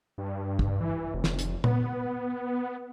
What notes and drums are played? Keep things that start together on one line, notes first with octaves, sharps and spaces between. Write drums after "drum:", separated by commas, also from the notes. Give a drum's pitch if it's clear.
G2
drum: kick
E3
F1
drum: snare
drum: hi-hat
B3, drum: tom